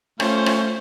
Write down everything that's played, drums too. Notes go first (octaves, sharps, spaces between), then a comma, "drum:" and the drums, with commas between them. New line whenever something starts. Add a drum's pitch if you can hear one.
A3 C#4 F4 C5, drum: rim click
drum: rim click